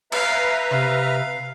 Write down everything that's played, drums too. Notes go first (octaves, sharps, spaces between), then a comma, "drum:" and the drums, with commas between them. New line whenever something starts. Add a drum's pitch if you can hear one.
B4 E5 F5 A#5, drum: cymbal
C3 F5